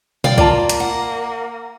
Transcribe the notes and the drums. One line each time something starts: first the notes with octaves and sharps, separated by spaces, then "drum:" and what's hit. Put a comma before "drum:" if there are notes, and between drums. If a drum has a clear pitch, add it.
D5 F5 G5, drum: tom B2
A#3 F4 D5 A5, drum: kick C2
drum: hi-hat
F#5